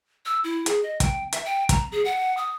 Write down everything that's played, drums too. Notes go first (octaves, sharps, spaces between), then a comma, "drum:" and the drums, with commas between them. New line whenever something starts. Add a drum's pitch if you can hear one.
E6
E4
G#4, drum: hi-hat
D#5
G5, drum: kick, hi-hat
E5, drum: hi-hat
G5
A#5, drum: kick, hi-hat
G#4
F#5
D#6